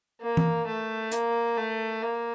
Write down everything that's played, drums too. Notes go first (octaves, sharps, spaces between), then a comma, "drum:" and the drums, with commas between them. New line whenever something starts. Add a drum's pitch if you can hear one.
A#3
drum: tom E3
A3
A#3, drum: hi-hat
A3
A#3